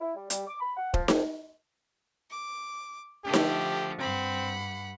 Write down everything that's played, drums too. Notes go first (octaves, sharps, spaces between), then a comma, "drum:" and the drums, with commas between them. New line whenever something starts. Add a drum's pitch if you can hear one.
E4
G3
G3, drum: hi-hat
D6
B5
F#5
F3, drum: kick D#1
F2, drum: snare D#4
D6
D3 F3 A3 G4
drum: snare D#4
G2 C4 F#5 B5